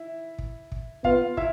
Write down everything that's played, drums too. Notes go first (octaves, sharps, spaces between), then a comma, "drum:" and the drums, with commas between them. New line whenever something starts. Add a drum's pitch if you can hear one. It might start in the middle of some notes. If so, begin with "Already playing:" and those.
Already playing: E4 E5
drum: kick
drum: kick
B3 F4 F5, drum: kick
E4 E5, drum: kick